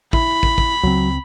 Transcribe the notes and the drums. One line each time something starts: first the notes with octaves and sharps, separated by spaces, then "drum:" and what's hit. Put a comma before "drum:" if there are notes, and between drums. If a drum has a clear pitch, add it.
E4 B5, drum: kick
drum: kick
drum: kick
C#2 C#3 F#3 C4